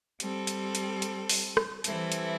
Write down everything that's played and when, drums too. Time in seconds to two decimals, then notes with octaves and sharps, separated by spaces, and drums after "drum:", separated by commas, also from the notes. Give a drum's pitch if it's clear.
0.20 G3 C4 A4, drum: hi-hat
0.47 drum: hi-hat
0.75 drum: hi-hat
1.02 drum: hi-hat
1.29 drum: open hi-hat
1.57 drum: rim click
1.84 E3 G3 C4 E4 A4, drum: hi-hat
2.12 drum: hi-hat